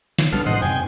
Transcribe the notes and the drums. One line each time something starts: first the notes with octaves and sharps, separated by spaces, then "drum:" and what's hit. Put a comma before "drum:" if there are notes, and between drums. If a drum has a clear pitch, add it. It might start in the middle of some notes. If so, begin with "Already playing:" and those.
drum: snare
B1 B2 G3 D4 A4 F6
A2 C3 E3 C5 D#5 F#5
F#2 C3 G5 G#5